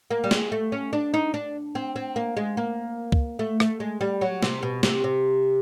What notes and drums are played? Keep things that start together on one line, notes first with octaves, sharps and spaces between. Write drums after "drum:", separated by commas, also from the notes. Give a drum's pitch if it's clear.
A#3
G3
G#3, drum: snare
A3
C#4
D4
D#4
D4
C4
C4
A#3
G#3
A#3
drum: kick C#2
A3
A3, drum: rim click
G#3
G3
F#3
C3, drum: snare
B2
C3, drum: snare
C3